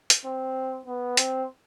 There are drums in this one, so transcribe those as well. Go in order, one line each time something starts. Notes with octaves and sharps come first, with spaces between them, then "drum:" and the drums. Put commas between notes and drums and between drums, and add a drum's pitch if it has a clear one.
drum: hi-hat
C4
B3
C4, drum: hi-hat